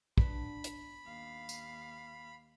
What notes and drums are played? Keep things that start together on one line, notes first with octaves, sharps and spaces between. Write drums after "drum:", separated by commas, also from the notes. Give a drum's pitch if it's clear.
B3 D4 B5, drum: kick
drum: hi-hat
D#2 F5
drum: tambourine